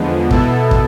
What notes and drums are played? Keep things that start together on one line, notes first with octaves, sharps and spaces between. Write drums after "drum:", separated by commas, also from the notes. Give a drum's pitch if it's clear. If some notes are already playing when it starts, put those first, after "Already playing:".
Already playing: E2 D3 F3 G#3 B3
B2 B3 E4 A4, drum: kick
drum: kick